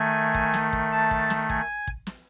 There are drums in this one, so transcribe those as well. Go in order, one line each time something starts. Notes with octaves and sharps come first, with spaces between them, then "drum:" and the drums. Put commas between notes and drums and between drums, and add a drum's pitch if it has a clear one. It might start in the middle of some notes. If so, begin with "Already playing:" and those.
Already playing: D#3 A3 G#5
drum: kick
drum: snare
drum: kick
A5
drum: kick
drum: snare
G#5, drum: kick
drum: kick
drum: snare